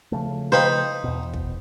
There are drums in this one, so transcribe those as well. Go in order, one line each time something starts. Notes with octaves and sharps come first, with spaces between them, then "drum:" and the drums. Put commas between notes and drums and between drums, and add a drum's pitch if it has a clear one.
C#3 F3 A3
D#4 B4 C5 F5 G5 B5
E2 B2
drum: kick